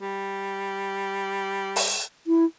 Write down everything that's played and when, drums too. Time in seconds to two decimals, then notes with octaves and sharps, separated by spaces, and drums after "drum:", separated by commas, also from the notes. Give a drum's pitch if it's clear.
0.01 G3
1.76 drum: open hi-hat
2.27 E4